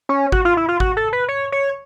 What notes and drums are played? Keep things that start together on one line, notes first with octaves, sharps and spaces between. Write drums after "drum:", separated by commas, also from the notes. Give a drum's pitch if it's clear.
C#4
F#4, drum: kick G#1
F4
E4
F4
F#4, drum: kick G#1
A4
B4
C#5
C#5